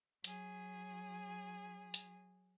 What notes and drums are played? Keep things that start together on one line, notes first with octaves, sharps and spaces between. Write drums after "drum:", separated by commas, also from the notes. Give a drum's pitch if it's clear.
F#3 G#4, drum: hi-hat
drum: hi-hat